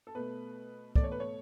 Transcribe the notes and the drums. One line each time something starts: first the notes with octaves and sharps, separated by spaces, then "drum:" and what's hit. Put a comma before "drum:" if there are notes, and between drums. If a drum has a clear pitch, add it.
A4
B2 A3 B4
B2 A3 D5, drum: kick
C#5
B4
C#5